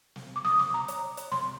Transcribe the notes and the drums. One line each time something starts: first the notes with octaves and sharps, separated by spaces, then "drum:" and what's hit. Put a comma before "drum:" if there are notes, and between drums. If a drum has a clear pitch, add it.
drum: snare
D6
D#6, drum: snare
D6, drum: snare
A#5
drum: hi-hat
drum: hi-hat
C6, drum: snare